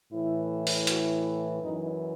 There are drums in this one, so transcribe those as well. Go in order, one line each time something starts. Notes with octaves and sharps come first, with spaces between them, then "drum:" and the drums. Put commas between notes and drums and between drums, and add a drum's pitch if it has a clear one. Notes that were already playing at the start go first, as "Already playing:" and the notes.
A2 E3 E4
drum: open hi-hat
F#4, drum: hi-hat
F#2 E3 D#4